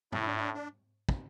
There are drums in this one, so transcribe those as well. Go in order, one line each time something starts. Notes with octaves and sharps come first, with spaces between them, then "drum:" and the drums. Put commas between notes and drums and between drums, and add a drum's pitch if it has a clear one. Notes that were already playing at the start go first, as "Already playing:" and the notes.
A2 E4, drum: tom G#2
D4
E4
D4
D4
drum: kick